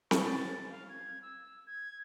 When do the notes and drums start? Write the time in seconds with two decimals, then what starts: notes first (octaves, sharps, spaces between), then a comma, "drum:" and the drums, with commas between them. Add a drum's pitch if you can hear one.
0.11 C#6, drum: snare C4
0.25 A6
0.71 F5
0.89 G#6
1.22 E6
1.66 G#6